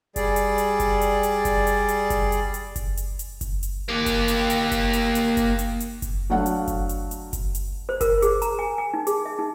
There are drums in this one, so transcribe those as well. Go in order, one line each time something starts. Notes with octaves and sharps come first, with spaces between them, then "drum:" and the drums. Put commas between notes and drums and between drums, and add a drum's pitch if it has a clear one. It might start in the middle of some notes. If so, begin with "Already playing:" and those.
G3 G#4 D5, drum: kick F#1, hi-hat
drum: hi-hat
drum: hi-hat
drum: kick F#1, hi-hat
drum: hi-hat
drum: hi-hat
drum: kick F#1, hi-hat
drum: hi-hat
drum: hi-hat
drum: kick F#1, hi-hat
drum: hi-hat
drum: hi-hat
drum: kick F#1, hi-hat
drum: hi-hat
drum: hi-hat
drum: kick F#1, hi-hat
drum: hi-hat
A#3 G4
drum: kick F#1, hi-hat
drum: hi-hat
drum: hi-hat
drum: kick F#1, hi-hat
drum: hi-hat
drum: hi-hat
drum: kick F#1, hi-hat
drum: hi-hat
drum: hi-hat
drum: kick F#1, hi-hat
F#3 A3 D4 F5 F#5
drum: hi-hat
drum: kick F#1, hi-hat
drum: hi-hat
drum: hi-hat
drum: kick F#1, hi-hat
drum: hi-hat
C5
A#4, drum: kick F#1, hi-hat
G#4, drum: hi-hat
A#5, drum: hi-hat
G#5
G#5
D#4
G#4, drum: hi-hat
E5
D#4